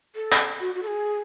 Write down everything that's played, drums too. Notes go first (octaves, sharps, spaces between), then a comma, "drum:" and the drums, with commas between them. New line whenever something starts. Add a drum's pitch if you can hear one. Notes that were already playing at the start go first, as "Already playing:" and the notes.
A4
drum: clap
F#4
F#4
A4
G#4